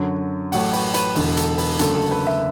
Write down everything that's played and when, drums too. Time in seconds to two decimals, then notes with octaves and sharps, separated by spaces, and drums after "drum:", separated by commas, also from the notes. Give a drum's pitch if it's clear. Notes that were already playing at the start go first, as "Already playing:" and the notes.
Already playing: F#2 D3 F#3
0.52 A1 A2 F#3 A3 F#5, drum: open hi-hat
0.73 B4, drum: open hi-hat
0.94 B4, drum: hi-hat
1.15 E1 E2 D3 B4, drum: open hi-hat
1.37 A4, drum: hi-hat
1.58 B4, drum: open hi-hat
1.79 F#1 F#2 D3 A3 A4, drum: hi-hat
1.95 A4
2.11 B4
2.27 E5